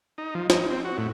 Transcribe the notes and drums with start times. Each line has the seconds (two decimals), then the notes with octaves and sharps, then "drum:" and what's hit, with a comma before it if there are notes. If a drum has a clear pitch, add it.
0.18 D#4
0.35 F3
0.50 D#4, drum: snare
0.70 C4
0.85 F#4
0.98 A2